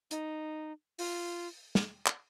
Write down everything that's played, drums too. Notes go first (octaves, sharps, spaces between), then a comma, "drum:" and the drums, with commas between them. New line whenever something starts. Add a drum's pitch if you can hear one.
D#4, drum: hi-hat
F4, drum: open hi-hat
drum: snare
drum: clap